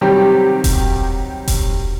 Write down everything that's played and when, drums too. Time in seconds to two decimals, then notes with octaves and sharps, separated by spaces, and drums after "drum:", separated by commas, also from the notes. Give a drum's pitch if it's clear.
0.01 C3 D#3 F#3 G3 G4
0.64 drum: kick E1, open hi-hat
1.48 drum: kick E1, open hi-hat